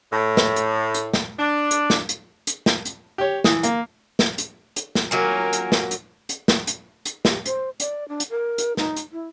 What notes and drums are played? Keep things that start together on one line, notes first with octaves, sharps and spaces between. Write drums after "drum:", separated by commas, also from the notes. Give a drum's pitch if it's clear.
A2
drum: snare
drum: hi-hat
drum: hi-hat
drum: snare
D4
drum: hi-hat
drum: snare
drum: hi-hat
drum: hi-hat
drum: snare
drum: hi-hat
G4 C#5
E3 D#6, drum: snare
A#3, drum: hi-hat
drum: snare
drum: hi-hat
drum: hi-hat
drum: snare
F#3 A#3 F4 A#4 G#5
drum: hi-hat
drum: snare
drum: hi-hat
drum: hi-hat
drum: snare
drum: hi-hat
drum: hi-hat
G4, drum: snare
C5, drum: hi-hat
D5, drum: hi-hat
D4
drum: hi-hat
A#4
drum: hi-hat
D#4, drum: snare
drum: hi-hat
E4